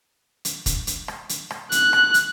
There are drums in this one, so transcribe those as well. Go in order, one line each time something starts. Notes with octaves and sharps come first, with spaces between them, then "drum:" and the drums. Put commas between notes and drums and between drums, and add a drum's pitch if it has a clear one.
drum: hi-hat
drum: kick, hi-hat
drum: hi-hat
drum: rim click
drum: hi-hat
drum: rim click
F#6, drum: hi-hat
drum: rim click
drum: hi-hat